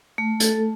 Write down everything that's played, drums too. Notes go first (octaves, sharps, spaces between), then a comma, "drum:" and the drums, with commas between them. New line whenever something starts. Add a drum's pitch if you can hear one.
A3
A4, drum: hi-hat